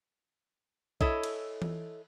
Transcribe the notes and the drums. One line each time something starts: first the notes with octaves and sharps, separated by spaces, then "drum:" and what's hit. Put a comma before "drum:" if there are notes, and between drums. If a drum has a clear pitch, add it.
E4 A4 C#5 D#5, drum: kick B1
drum: cymbal
drum: tom E3